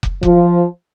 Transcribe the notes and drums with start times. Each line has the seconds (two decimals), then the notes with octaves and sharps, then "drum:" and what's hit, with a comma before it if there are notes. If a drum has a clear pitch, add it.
0.03 drum: kick
0.23 F3, drum: kick